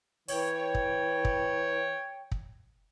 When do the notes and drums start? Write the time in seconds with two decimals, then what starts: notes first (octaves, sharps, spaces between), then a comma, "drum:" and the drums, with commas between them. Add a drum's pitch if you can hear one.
0.28 E3 C#5 G5, drum: open hi-hat
0.75 drum: kick
1.25 drum: kick
2.32 drum: kick